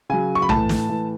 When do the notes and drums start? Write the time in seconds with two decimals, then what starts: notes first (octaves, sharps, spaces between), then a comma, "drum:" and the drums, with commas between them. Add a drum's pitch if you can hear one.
0.09 C#3 F#3 G#5
0.35 C#6
0.42 B5
0.49 A2 E3 A5, drum: tom B1
0.69 drum: snare
0.89 A2 E3